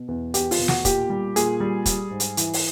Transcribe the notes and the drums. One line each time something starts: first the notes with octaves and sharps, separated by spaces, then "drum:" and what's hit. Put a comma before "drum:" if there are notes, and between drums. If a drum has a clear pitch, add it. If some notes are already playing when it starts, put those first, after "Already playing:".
Already playing: B2
E2
E2 G4, drum: hi-hat
F4, drum: open hi-hat
B2
F#4, drum: snare
A#2 G4, drum: kick, hi-hat
G3
A#2 G#4, drum: hi-hat
G3
G3, drum: kick, hi-hat
G#2
drum: hi-hat
E3, drum: hi-hat
drum: open hi-hat